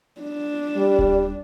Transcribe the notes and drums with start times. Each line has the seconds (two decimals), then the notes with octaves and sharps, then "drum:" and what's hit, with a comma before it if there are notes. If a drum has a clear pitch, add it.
0.21 D4
0.77 G3
0.99 drum: kick D#1